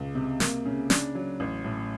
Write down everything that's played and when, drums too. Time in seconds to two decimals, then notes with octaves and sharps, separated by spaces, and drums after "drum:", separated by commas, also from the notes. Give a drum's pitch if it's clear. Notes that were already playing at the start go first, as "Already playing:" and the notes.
Already playing: C#2
0.15 C3
0.40 A#3, drum: snare
0.65 C#3
0.90 D4, drum: snare
1.15 F#3
1.40 A1
1.64 A2